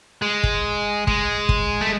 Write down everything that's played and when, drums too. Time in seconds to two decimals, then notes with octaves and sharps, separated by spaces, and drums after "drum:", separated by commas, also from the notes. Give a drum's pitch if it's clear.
0.22 G#3
0.43 drum: kick
1.07 G#3, drum: kick
1.49 drum: kick
1.81 A3